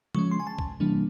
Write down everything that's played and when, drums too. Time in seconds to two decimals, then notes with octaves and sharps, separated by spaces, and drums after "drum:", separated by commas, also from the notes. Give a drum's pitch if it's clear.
0.15 F3 G#3 C#4 C#6, drum: tom C#3
0.31 C6
0.40 G#5
0.47 A5
0.58 drum: kick
0.80 C3 E3 G3 A#3 D4